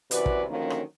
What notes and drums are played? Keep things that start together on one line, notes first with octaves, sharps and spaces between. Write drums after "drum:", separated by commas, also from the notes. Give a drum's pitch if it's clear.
F#2 C3 E3 F#4 B4 D5, drum: hi-hat
drum: kick
D3 D#3 F3 F#3 A#3 C#4
drum: rim click